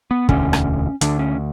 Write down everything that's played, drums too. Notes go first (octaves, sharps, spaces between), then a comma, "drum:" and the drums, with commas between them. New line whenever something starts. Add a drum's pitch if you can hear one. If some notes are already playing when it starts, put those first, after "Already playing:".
B3
E1 D2 D3 C#4, drum: kick
drum: rim click
D2 D3 D4, drum: hi-hat
C#4